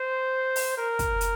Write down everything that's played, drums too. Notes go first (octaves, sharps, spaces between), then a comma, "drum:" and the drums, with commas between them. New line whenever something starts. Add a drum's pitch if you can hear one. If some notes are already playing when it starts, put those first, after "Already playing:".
Already playing: C5
drum: open hi-hat
A#4
drum: kick, hi-hat
drum: hi-hat